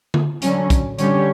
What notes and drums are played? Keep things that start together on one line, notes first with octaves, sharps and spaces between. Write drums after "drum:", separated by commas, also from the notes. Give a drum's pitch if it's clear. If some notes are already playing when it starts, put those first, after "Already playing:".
drum: tom D3
D3 F#3 C#4, drum: hi-hat
drum: kick, hi-hat
D3 G3 C#4 G4 C#5, drum: hi-hat